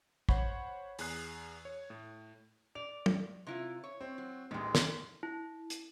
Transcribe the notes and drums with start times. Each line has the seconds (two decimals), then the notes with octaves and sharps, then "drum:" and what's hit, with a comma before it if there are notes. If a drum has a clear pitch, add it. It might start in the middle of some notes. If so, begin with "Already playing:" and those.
0.29 C5 C#5 F#5 B5 C#6 G#6, drum: kick
0.99 E2 G#4 F#6 C7, drum: open hi-hat
1.65 C#5
1.90 A2
2.75 D5 F7
3.06 drum: tom
3.47 C3 E4 F4
3.84 C#5
4.01 C4
4.18 F#3
4.51 A1 D2 D#3 G#3
4.75 drum: snare
5.23 E4
5.70 drum: hi-hat